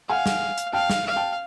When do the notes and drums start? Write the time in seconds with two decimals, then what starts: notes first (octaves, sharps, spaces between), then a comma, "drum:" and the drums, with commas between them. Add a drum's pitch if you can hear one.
0.09 F5 F#5 G#5
0.26 drum: snare
0.58 drum: hi-hat
0.73 F5 G5 A5
0.90 drum: snare
1.05 F5
1.16 G5 A5